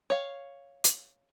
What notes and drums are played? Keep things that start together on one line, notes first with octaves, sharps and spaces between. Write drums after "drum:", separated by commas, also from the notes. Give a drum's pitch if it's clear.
C#5 F5
drum: hi-hat